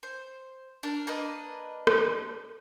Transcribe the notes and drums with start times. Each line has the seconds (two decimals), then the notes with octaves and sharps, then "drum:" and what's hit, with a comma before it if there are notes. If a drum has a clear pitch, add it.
0.03 C5
0.83 D4 A#4
1.07 A#3 D4 B4 D#5
1.87 drum: rim click